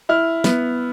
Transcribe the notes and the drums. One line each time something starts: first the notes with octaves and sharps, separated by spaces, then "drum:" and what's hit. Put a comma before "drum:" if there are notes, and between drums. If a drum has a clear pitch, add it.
E4 F6
B3, drum: snare